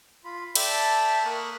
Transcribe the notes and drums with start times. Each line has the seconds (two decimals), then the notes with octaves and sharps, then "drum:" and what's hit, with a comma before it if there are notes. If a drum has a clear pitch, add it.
0.24 F4 B5
0.55 A4 D5 E5 G5 A5 B5, drum: cymbal
1.25 A#3 A#4 B5 C#6 D#6 F#6